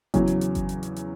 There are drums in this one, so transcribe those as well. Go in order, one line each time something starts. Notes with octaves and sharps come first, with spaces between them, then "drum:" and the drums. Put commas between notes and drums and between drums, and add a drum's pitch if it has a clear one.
E2 C#3 F#3 C#4, drum: kick G1, hi-hat
drum: hi-hat
drum: hi-hat
drum: kick G1, hi-hat
drum: hi-hat
drum: hi-hat
drum: hi-hat